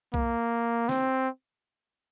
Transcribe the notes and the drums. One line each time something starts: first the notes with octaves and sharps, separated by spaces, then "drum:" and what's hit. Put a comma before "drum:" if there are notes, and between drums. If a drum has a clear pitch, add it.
A#3, drum: kick B1
C4, drum: snare